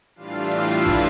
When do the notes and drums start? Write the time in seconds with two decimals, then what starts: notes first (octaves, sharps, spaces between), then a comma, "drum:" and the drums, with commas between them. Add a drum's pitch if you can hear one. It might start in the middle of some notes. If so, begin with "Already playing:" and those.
0.15 A2 E3 G3 D4 F4 F5
0.51 E4 E5, drum: hi-hat
0.86 drum: kick